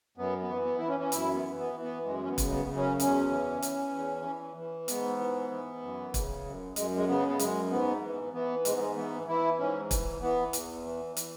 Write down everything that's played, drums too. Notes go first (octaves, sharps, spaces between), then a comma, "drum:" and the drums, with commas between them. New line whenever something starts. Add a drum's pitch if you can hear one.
F#2 B3
B3
E3
B3
E3 E4
C#4
C#4
F#2 E4, drum: hi-hat
B3
E3
B3
E3
B3
F#2 G#3
C#4
B3
C#3, drum: kick, hi-hat
G#3
B3
F#2
C#4
E2 C#4, drum: hi-hat
E3
E3, drum: hi-hat
E2
E3
E3
G#2 B3, drum: hi-hat
E3
E3
F#2
C#3, drum: kick, hi-hat
F#2
F#2 G#3, drum: hi-hat
G#3
C#3 B3
B3
F#2 G#3, drum: hi-hat
G#2 B3
E3
E3 B3
G#2 G#3, drum: hi-hat
B3
G#3
E3 B3
E3 E4
G#2 C#4
E3, drum: kick, hi-hat
E3 B3
E2, drum: hi-hat
E3
E3, drum: hi-hat